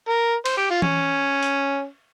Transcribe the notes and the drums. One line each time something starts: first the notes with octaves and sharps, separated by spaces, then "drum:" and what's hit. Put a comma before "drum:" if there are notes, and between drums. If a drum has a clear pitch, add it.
A#4
C5, drum: cymbal
G4
F4
C#4, drum: tom E3
drum: hi-hat